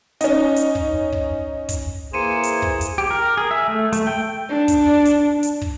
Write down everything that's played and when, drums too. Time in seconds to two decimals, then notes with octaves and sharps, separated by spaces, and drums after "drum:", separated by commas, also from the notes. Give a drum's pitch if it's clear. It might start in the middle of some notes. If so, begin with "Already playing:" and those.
0.21 C#4 D#4, drum: hi-hat
0.56 drum: hi-hat
0.75 drum: kick
1.12 drum: kick
1.69 drum: kick, hi-hat
2.13 E3 A#3 G#4 C5 G#5 C#7 D#7 E7
2.43 drum: hi-hat
2.62 drum: kick
2.81 drum: hi-hat
2.98 G4
3.10 A#4
3.37 G#4
3.51 E5
3.68 A3
3.93 A3, drum: hi-hat
4.07 G5
4.49 D4
4.68 drum: kick, hi-hat
5.05 drum: hi-hat
5.43 drum: hi-hat
5.62 drum: kick